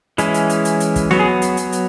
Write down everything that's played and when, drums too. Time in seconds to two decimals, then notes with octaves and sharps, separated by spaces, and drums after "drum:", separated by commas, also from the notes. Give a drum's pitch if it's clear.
0.18 E3 G#3 C#4 E4, drum: hi-hat
0.34 drum: hi-hat
0.50 drum: hi-hat
0.65 drum: hi-hat
0.80 drum: hi-hat
0.96 drum: kick, hi-hat
1.11 F#3 B3 F#4, drum: snare
1.20 G#4
1.42 drum: hi-hat
1.57 drum: hi-hat
1.72 drum: hi-hat